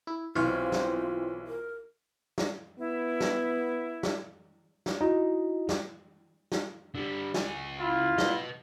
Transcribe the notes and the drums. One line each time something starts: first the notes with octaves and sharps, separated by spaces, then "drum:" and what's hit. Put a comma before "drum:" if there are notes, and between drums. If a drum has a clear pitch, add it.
E4
B1 E3 C4 F4 C5 C#5
drum: snare
A#4
drum: snare
B3 E4
drum: snare
drum: snare
drum: snare
D#4 E4 F#4 D#5
drum: snare
drum: snare
D3 G3
C#2 G#5, drum: snare
E4 F4
B4 D#5, drum: snare